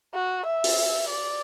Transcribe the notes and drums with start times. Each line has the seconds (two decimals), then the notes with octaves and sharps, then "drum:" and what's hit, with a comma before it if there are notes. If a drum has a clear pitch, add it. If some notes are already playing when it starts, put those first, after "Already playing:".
0.14 F#4
0.46 E5
0.64 drum: open hi-hat
1.10 D5